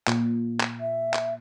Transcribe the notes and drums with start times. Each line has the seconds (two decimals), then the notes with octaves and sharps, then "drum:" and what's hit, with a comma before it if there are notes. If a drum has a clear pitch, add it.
0.07 A#2, drum: clap
0.61 drum: clap
0.80 E5
1.14 drum: clap